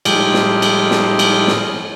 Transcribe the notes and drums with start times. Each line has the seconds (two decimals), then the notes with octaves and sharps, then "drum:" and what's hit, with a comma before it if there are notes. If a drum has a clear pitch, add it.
0.05 A2 F3 G3 G#3 D#4 G4, drum: cymbal
0.34 drum: snare
0.62 drum: cymbal
0.91 drum: snare
1.19 drum: cymbal
1.48 drum: snare